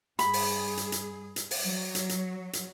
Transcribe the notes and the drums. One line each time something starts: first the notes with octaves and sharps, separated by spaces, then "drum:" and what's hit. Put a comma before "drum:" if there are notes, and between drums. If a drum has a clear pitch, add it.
G2 G#4 B5, drum: hi-hat
drum: open hi-hat
drum: hi-hat
drum: hi-hat
drum: hi-hat
drum: open hi-hat
F#3
drum: hi-hat
drum: hi-hat
drum: hi-hat